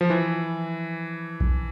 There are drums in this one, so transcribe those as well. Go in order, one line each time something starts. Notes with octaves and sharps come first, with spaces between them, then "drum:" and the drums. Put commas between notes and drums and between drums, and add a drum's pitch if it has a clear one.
F3
E3
drum: kick A#1